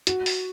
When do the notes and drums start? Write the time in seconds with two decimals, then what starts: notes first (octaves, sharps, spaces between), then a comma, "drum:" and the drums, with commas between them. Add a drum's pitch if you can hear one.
0.07 F#4, drum: hi-hat
0.26 drum: open hi-hat